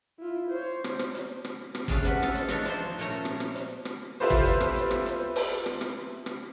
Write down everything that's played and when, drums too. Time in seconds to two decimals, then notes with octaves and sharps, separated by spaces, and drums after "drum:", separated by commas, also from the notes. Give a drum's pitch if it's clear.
0.19 E4 F4
0.50 C5 C#5
0.84 drum: rim click
0.99 drum: rim click
1.14 drum: hi-hat
1.44 drum: rim click
1.75 drum: rim click
1.88 G3 A3 C#4 D4 G#4 F5, drum: kick
2.05 B3 F#4 B4, drum: hi-hat
2.23 A4 F5, drum: rim click
2.35 drum: hi-hat
2.48 E3 F3 D4 D#4 C#5, drum: rim click
2.65 F3 D4 C5, drum: hi-hat
2.98 A#2 A3 C#4 C#5 A#5
3.25 drum: rim click
3.40 drum: rim click
3.55 drum: hi-hat
3.85 drum: rim click
4.20 E4 F4 G4 A4 B4 C5
4.30 drum: kick
4.45 drum: hi-hat
4.60 drum: rim click
4.76 drum: hi-hat
4.91 drum: rim click
5.06 drum: hi-hat
5.36 drum: open hi-hat
5.66 drum: rim click
5.81 drum: rim click
6.26 drum: rim click